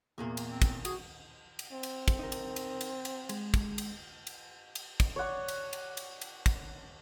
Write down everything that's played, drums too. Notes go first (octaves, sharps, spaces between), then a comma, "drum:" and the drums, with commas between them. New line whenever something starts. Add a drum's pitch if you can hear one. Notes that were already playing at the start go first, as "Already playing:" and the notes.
E2 A#2 A#3 G#4 A#4
drum: cymbal
C4
drum: kick, cymbal
F#4 G#4, drum: cymbal
drum: cymbal
C4
drum: cymbal
drum: kick, cymbal
D#4 A#4
drum: cymbal
drum: cymbal
drum: cymbal
drum: cymbal
G#3, drum: cymbal
drum: kick, cymbal
drum: cymbal
drum: cymbal
drum: cymbal
drum: kick, cymbal
C#5 D5 F#5 C#6
drum: cymbal
drum: cymbal
drum: cymbal
drum: cymbal
drum: kick, cymbal